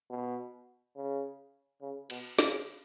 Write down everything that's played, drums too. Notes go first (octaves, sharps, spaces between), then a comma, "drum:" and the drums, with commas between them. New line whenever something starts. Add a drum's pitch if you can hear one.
B2
C#3
C#3
B2, drum: cymbal
C#3, drum: snare